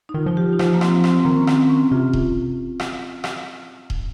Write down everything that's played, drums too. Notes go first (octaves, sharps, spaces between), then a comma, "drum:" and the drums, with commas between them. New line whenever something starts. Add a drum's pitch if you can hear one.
D#4
D#3 F4
F3 F4
G4
D#4
F3 F4, drum: rim click
A#3
C4, drum: rim click
C4, drum: rim click
C4
D#3 A#3
C#4
C4, drum: rim click
C#4
C3 F4
drum: kick D#1
drum: rim click
drum: rim click
drum: kick D#1